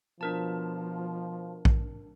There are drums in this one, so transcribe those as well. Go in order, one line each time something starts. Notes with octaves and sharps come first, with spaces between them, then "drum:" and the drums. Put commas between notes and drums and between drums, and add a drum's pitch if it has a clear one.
B2 F3 D4 A#4 A5
drum: kick A#1